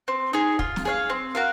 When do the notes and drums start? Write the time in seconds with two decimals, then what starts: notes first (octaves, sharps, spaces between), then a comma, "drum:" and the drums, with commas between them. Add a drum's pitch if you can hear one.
0.08 C4
0.33 D#4 G#4
0.59 F4, drum: kick
0.76 drum: snare
0.85 G#4 C#5 F5
1.10 C4
1.35 F#4 A#4 F5